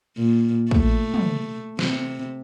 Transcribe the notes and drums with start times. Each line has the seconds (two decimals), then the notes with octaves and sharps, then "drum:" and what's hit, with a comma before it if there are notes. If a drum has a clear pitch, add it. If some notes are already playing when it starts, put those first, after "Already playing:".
0.17 A#2
0.71 A3, drum: kick
1.14 drum: tom
1.79 C3, drum: snare